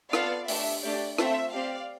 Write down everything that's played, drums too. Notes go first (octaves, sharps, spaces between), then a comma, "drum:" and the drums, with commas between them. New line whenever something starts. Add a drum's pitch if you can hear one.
B3 F4 A4 D5 F5, drum: rim click
A3 D4 G4 E5, drum: open hi-hat
A3 D4 G4 D5
A3 C4 F4 E5, drum: rim click
C4 G4 D5 F5